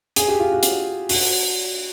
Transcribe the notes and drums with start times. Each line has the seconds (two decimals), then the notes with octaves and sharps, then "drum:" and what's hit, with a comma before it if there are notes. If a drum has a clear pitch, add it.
0.16 G#4, drum: hi-hat
0.28 G4
0.39 F4
0.52 F#4
0.63 drum: hi-hat
1.09 F#4, drum: open hi-hat